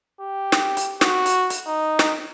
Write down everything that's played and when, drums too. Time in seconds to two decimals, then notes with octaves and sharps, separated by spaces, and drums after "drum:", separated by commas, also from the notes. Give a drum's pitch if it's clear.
0.20 G4
0.52 drum: snare
0.77 drum: hi-hat
1.01 F#4, drum: snare
1.26 drum: hi-hat
1.50 drum: hi-hat
1.67 D#4
1.99 drum: snare